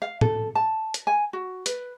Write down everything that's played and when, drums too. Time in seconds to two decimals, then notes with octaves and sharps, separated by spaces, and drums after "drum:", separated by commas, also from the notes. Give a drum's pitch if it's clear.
0.02 F5
0.21 A4, drum: tom A2
0.55 A5
0.94 drum: hi-hat
1.07 G#5
1.33 F#4
1.66 B4, drum: hi-hat